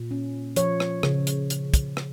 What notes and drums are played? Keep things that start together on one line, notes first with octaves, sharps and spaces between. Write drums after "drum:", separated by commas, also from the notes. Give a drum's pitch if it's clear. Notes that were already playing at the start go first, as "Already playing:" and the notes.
Already playing: A#2
C#4
F3 C#5, drum: hi-hat
drum: rim click
C#3, drum: rim click
drum: hi-hat
drum: hi-hat
drum: kick, hi-hat
drum: rim click